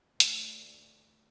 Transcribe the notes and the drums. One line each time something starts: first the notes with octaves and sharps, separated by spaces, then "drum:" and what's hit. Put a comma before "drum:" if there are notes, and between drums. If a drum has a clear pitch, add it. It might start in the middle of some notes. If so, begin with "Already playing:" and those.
D2, drum: hi-hat